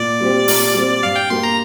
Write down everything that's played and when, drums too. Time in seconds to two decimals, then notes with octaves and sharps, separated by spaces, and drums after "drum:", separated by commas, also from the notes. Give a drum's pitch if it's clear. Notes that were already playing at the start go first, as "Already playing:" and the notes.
Already playing: A#2 D5
0.21 G3 C4 G4
0.48 A#2, drum: open hi-hat
0.75 G3 C4 G4
1.03 G2 F5
1.16 G5
1.30 G3 A#3 G4 C6
1.43 A#5